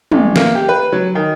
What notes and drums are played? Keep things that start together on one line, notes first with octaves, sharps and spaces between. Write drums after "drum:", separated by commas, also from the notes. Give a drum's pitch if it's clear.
A1, drum: tom
A#3, drum: snare
G4
B4
F#3
D#3